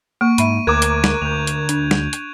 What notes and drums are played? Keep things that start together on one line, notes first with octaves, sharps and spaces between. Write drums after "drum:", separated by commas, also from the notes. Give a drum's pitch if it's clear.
A#3 C#6 D7
G#2 E5 B5 D#7, drum: hi-hat
D2 A#4 D6 F#6 G#6 E7
drum: hi-hat
drum: snare
D2 G6 F7
drum: hi-hat
D4, drum: hi-hat
drum: snare
drum: hi-hat